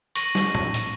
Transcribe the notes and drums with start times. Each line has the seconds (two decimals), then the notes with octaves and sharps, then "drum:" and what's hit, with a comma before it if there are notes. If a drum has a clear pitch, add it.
0.15 C#6 A#6 D#7 F#7, drum: hi-hat
0.35 drum: snare
0.55 drum: tom
0.74 drum: hi-hat